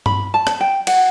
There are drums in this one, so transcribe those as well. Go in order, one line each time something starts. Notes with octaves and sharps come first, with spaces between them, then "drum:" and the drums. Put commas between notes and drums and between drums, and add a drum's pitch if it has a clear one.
B5, drum: tom G2
A5
drum: rim click
G5
F#5, drum: cymbal